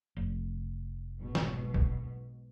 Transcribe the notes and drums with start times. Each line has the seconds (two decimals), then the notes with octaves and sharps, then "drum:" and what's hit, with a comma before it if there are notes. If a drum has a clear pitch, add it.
0.17 F1
1.19 B1 G#2 B2
1.35 drum: snare
1.74 drum: kick B1